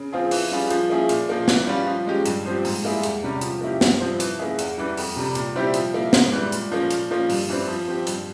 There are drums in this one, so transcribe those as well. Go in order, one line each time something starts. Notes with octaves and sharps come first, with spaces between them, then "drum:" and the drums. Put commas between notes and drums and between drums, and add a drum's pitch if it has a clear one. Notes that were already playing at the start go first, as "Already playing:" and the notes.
Already playing: C#3
F3 C4 F4 G#4
E3, drum: open hi-hat
G3 C#4 F4 G#4
F3, drum: hi-hat
A#3 C#4 E4 G#4
A#2, drum: hi-hat
F3 A#3
E3, drum: snare
G3 C#4 F4
F3
G#3 C#4 G4
G2, drum: hi-hat
F3 C4 G4
G#2, drum: open hi-hat
G3 A#3 E4 G#4
E2, drum: hi-hat
C3 G3 C#4
F3, drum: hi-hat
A#3 C#4 E4 G4
G2, drum: snare
F3 C4
E3, drum: hi-hat
A#3 C#4 E4 G#4
E2, drum: hi-hat
E3 G3
F2, drum: open hi-hat
C3 G3
A#2, drum: hi-hat
G3 C4 E4 G4
F3, drum: hi-hat
A#3 E4
G#2, drum: snare
E3 G3
A#2, drum: hi-hat
F3 A#3 C#4
A#2, drum: hi-hat
F3 A#3 C#4
G2, drum: open hi-hat
E3 G3 C4
F3
C4 G4
G2, drum: hi-hat